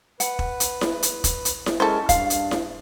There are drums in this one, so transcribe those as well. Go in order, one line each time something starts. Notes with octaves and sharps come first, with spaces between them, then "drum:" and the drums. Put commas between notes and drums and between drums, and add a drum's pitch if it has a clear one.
B4 F#5, drum: hi-hat
drum: kick E1
drum: hi-hat
drum: snare E4
drum: hi-hat
drum: kick E1, hi-hat
drum: hi-hat
drum: snare E4
G#3 C#4 E4 A4 A#4 C5 A5
G2 F5, drum: kick E1, hi-hat
drum: hi-hat
drum: snare E4